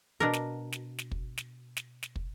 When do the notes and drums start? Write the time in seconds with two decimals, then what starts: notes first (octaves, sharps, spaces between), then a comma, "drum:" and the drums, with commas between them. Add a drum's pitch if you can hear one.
0.20 B2 D4 A#4
0.33 drum: snare
0.72 drum: snare
0.98 drum: snare
1.11 drum: kick
1.38 drum: snare
1.77 drum: snare
2.03 drum: snare
2.16 drum: kick